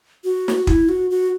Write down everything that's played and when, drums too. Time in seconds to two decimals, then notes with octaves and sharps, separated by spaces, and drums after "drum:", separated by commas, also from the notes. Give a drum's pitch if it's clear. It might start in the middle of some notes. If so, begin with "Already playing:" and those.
0.24 F#4
0.48 drum: snare
0.67 E4, drum: kick
0.89 F#4
1.10 F#4